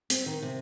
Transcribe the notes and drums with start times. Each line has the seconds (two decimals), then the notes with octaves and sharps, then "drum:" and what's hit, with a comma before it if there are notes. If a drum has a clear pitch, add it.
0.10 C4, drum: hi-hat
0.26 D#3
0.42 C3